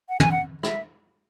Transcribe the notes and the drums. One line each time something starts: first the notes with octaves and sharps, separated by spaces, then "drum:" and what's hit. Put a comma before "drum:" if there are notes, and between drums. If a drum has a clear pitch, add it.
F#5
G#5, drum: tom
F#5
E5, drum: rim click